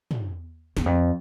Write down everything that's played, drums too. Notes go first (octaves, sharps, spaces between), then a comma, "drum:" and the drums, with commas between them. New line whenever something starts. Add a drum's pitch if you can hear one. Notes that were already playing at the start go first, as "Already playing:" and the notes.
drum: tom
E2, drum: snare
F2